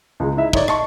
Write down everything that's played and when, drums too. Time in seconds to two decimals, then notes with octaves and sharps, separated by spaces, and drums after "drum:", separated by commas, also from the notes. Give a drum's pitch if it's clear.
0.20 C#2 G#3
0.37 D#4 E4 E5
0.53 D#4 C#5 D5, drum: kick
0.68 D#5 A5 C#6, drum: rim click